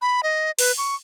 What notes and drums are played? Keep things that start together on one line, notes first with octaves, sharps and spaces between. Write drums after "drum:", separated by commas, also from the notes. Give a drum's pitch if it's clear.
B5
D#5
B4, drum: open hi-hat
C#6